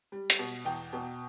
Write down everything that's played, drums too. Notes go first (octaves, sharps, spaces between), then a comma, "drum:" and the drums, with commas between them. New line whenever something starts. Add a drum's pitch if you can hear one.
G3
drum: hi-hat
B2
E2 G5
B2